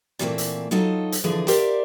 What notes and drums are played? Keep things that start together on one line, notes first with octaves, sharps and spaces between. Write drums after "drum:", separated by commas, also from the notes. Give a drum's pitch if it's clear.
A#2 E3 G3 A3 A#3 C4
drum: hi-hat
F#3 D#4 F4 A4 D#5
drum: hi-hat
D3 E3 F3 G#4
G4 A#4 C5 D5 E5 F5, drum: hi-hat